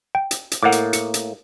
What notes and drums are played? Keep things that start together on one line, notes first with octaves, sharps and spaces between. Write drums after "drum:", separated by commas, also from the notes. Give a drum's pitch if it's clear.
G5
drum: hi-hat
drum: hi-hat
A2 A#3 F#5 D6
drum: hi-hat
C#7, drum: hi-hat
drum: hi-hat